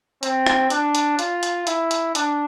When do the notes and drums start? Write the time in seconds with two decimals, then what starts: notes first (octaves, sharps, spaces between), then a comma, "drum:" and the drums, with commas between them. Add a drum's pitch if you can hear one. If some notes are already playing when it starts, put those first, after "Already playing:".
0.23 C4, drum: hi-hat
0.47 drum: rim click
0.70 D4, drum: hi-hat
0.95 drum: hi-hat
1.19 F4, drum: hi-hat
1.43 drum: hi-hat
1.67 E4, drum: hi-hat
1.91 drum: hi-hat
2.15 D4, drum: hi-hat